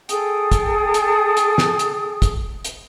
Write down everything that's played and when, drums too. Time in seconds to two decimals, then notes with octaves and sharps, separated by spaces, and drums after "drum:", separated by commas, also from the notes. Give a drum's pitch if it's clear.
0.09 G#4 A4 G5 D#6, drum: hi-hat
0.52 drum: kick, hi-hat
0.94 drum: hi-hat
1.37 drum: hi-hat
1.58 drum: snare
1.79 drum: hi-hat
2.22 drum: kick, hi-hat
2.65 drum: hi-hat